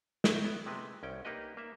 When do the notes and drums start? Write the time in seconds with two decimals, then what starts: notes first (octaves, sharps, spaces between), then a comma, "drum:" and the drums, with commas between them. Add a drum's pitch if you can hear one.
0.24 D#4 E4 F#4 D5 E5, drum: snare
0.45 B3 E4
0.66 C3 G#3 A3 B4
1.03 C2 C#4 G5
1.25 A#3 D#4 G4 B4 D#5
1.57 A#3 E5